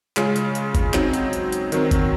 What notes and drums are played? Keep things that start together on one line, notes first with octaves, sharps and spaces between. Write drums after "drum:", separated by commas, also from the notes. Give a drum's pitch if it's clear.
C#3 G#3 C#4 F4, drum: clap
drum: hi-hat
drum: hi-hat
drum: kick G1, hi-hat
F#3 C4 D#4, drum: clap
drum: hi-hat
drum: hi-hat
drum: hi-hat
D#3 F#3 C4, drum: hi-hat
drum: kick G1, hi-hat